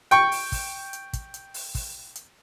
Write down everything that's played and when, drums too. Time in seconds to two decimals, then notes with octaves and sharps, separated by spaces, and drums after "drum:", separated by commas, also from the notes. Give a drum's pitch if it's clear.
0.11 G5 C#6, drum: hi-hat
0.32 drum: open hi-hat
0.52 drum: kick, open hi-hat
0.93 drum: hi-hat
1.13 drum: kick, hi-hat
1.34 drum: hi-hat
1.54 drum: open hi-hat
1.75 drum: kick, open hi-hat
2.16 drum: hi-hat